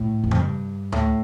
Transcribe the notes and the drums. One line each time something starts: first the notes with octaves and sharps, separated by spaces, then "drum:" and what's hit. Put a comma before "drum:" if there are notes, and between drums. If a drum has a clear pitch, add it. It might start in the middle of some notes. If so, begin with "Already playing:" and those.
Already playing: A2
E2
F2, drum: tom C#3
G2
A2, drum: tom D2